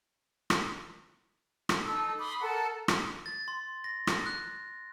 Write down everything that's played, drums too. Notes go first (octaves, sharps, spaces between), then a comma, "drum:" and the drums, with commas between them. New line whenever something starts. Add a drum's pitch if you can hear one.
drum: rim click
drum: rim click
D#4 A4 A5 E6
B5 C6 D6 D#6
A4 A#4 F#5 A5
drum: rim click
A6
C6
A#6
drum: rim click
F#6